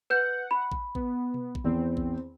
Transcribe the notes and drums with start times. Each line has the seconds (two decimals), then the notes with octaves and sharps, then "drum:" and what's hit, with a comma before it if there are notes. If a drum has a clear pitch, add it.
0.10 B4 F#5 G6
0.51 B5
0.72 drum: kick A1
0.95 B3, drum: kick A1
1.34 drum: tom B2
1.55 drum: kick A1
1.64 E2 C4
1.97 drum: kick A1